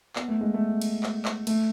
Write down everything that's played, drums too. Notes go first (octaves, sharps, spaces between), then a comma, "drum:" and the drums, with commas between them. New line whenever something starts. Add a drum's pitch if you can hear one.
B3, drum: clap
A3
G#3
A3
drum: cymbal
drum: clap
drum: clap
A3, drum: cymbal